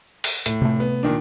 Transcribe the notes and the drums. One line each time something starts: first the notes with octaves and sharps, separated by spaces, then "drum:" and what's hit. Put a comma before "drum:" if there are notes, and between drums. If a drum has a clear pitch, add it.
drum: open hi-hat
A2, drum: hi-hat
C3 A3
B3
A#2 D#3 D4